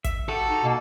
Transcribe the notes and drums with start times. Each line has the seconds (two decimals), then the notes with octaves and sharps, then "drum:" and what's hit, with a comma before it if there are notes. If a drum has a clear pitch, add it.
0.04 E5, drum: kick, hi-hat
0.28 F#4 G4 A4
0.49 D#4
0.64 B2 A#3